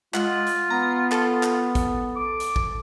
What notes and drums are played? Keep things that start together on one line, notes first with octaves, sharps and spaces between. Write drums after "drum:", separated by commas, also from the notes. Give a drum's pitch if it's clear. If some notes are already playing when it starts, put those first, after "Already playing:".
G#3 F4 F#5, drum: clap
drum: hi-hat
B3 A#5
A4, drum: clap
drum: clap
drum: kick, hi-hat
D6
drum: hi-hat
drum: kick